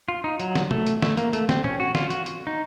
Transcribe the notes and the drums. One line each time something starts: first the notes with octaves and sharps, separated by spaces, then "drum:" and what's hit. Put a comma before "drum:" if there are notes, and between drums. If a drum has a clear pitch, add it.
F4
D#4
F#3, drum: hi-hat
drum: snare
A3, drum: tom
drum: hi-hat
A3, drum: snare
A#3, drum: hi-hat
A3, drum: hi-hat
C4, drum: snare
C#4, drum: tom A#2
F#4
F4, drum: snare
F#4, drum: hi-hat
drum: hi-hat
D#4